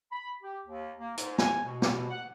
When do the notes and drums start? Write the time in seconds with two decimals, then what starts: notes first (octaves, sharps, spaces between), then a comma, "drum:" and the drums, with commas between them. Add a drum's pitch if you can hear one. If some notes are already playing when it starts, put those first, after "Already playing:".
0.12 B5
0.43 G4
0.66 D#2
0.99 A#3
1.17 G#2, drum: hi-hat
1.38 G#5, drum: snare
1.65 B2
1.82 drum: snare
2.10 F#5